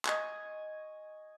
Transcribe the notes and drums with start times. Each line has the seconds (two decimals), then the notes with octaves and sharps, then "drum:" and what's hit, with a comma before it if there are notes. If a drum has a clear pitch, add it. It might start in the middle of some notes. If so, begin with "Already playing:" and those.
0.05 D#5 G#5 C#6, drum: clap